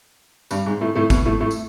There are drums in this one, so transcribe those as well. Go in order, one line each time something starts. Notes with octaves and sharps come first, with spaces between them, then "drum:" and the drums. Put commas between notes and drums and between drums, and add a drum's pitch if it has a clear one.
G2 G3, drum: tambourine
G#2 G#3
A2 A3
A2 A3
B2 B3, drum: kick G1, tambourine
A2 A3
A2 A3
drum: tambourine